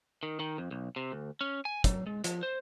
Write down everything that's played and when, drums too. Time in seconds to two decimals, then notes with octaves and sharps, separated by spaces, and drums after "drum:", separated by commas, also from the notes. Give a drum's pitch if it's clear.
0.23 D#3
0.40 D#3
0.58 F2
0.71 B1
0.96 C3
1.12 D2
1.41 C#4
1.65 G#5
1.84 F#3, drum: kick, hi-hat
2.07 G#3
2.24 F3, drum: hi-hat
2.43 C5